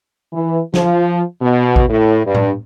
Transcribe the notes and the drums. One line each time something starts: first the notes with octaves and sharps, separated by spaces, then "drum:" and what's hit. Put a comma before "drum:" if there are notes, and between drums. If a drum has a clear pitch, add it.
E3
F3, drum: snare
B2
drum: kick A1
A2
G2
drum: tom A2